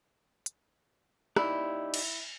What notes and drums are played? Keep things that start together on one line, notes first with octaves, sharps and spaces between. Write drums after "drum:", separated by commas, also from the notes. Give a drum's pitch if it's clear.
drum: hi-hat
D#4 E4 G4 D5, drum: rim click
drum: cymbal